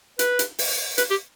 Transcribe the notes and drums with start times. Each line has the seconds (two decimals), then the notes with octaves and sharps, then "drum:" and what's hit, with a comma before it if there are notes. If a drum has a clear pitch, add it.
0.19 B4, drum: hi-hat
0.39 drum: hi-hat
0.59 drum: open hi-hat
0.98 B4, drum: hi-hat
1.10 G4